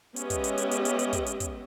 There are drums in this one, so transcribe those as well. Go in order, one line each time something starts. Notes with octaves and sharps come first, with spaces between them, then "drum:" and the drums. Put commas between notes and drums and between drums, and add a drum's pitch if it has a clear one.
G#3 B3 C#4 G4 D#5 E5, drum: hi-hat
drum: kick, hi-hat
drum: hi-hat
drum: hi-hat
drum: hi-hat
drum: hi-hat
drum: hi-hat
drum: kick, hi-hat
drum: hi-hat
drum: kick, hi-hat